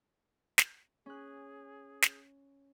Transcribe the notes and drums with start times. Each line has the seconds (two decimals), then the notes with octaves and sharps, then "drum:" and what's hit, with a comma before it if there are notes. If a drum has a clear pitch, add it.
0.58 drum: snare
1.06 C#4 G#4 F#6
2.02 drum: snare